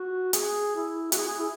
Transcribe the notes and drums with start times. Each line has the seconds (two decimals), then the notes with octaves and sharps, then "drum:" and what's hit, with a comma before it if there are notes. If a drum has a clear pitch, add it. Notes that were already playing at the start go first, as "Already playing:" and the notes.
Already playing: F#4
0.33 G#4, drum: hi-hat
0.76 E4
1.12 F#4, drum: hi-hat
1.18 G#4
1.28 G#4
1.38 E4